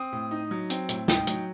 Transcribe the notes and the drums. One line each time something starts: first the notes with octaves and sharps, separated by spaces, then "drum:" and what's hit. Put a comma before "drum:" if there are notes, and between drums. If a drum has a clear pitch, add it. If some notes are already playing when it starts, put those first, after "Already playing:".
Already playing: C4 D#6
A2
D#4
F#3
C4, drum: hi-hat
A2, drum: hi-hat
D#4 G5, drum: snare
F#3, drum: hi-hat